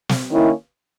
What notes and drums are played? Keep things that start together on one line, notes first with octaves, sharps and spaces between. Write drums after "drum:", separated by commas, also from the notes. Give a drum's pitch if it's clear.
drum: snare
D#3 A#3 C#4 E4